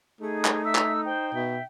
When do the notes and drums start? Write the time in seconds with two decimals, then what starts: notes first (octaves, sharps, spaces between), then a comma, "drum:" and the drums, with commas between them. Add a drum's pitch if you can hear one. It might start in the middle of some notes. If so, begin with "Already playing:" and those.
0.21 A3 D#4 G#4
0.45 drum: clap
0.65 E5 E6
0.75 drum: clap
1.05 C5 G5
1.35 B2 E5